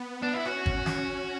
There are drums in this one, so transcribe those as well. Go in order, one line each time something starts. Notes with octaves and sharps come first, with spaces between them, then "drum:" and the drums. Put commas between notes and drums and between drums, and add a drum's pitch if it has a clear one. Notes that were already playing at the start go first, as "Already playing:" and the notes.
Already playing: B3
D4
E4
C#4 F#4
drum: kick G1
C#4, drum: snare